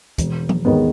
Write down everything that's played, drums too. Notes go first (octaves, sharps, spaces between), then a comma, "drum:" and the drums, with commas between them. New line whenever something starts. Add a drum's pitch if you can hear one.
E1, drum: kick, hi-hat
drum: tom F3
D#2 D#3 G#3 B3